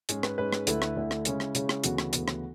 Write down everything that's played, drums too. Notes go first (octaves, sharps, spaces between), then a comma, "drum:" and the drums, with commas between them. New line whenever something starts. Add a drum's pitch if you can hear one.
G#2 G#3 C#4 G#4, drum: hi-hat
B4, drum: rim click
G#2 G#3 C#4 B4
drum: rim click
D2 D3 A3 E4, drum: hi-hat
drum: rim click
D2 D3 A3 E4
drum: rim click
C#3 G#3 C#4 E4, drum: hi-hat
drum: rim click
C#3 G#3 C#4 E4, drum: hi-hat
drum: rim click
D2 C#3 E3 B3 F#4, drum: hi-hat
drum: rim click
D2 C#3 E3 B3, drum: hi-hat
drum: rim click